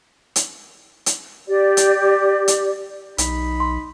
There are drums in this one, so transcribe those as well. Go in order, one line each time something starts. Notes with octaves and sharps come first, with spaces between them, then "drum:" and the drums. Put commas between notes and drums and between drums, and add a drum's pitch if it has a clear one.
drum: hi-hat
drum: hi-hat
G4 D5
drum: hi-hat
drum: hi-hat
B1 D#4 B5, drum: hi-hat
C6